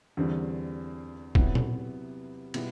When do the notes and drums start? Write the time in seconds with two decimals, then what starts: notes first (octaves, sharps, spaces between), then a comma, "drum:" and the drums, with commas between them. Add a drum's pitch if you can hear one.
0.17 E2 D3 G3 C4
1.35 C3 F#3 B3 E4 G4, drum: kick
1.55 drum: tom A#2
2.54 B2 G3 B3 E4 G4, drum: cymbal